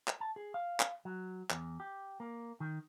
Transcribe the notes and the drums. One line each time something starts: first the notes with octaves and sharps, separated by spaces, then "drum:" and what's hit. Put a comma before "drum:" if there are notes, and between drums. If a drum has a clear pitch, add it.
drum: clap
A5
G#4
F5
drum: clap
F#3
E2, drum: clap
G4
A#3
D#3